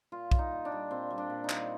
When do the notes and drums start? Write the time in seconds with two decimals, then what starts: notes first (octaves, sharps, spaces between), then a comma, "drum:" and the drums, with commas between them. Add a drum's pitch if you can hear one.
0.12 A#2 F4
0.31 G3, drum: kick B1
0.39 D#4
0.51 A#2
0.65 D4
0.72 G3
0.90 A#2 C4
1.10 G3
1.18 D4
1.30 A#2
1.44 D#4
1.49 G3, drum: clap